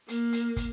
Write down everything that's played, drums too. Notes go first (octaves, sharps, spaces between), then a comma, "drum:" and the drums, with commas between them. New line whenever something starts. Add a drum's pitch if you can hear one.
A#3, drum: hi-hat
drum: hi-hat
drum: kick, hi-hat